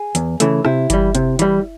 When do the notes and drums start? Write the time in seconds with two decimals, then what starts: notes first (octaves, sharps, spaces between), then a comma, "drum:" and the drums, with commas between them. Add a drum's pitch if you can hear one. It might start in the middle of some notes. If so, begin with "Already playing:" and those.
Already playing: G#4
0.15 E2, drum: hi-hat
0.40 C#3 E3 A3, drum: hi-hat
0.65 C3 E4, drum: rim click
0.90 E3 G3, drum: kick G1, hi-hat
1.15 C3, drum: hi-hat
1.39 E3 G3, drum: hi-hat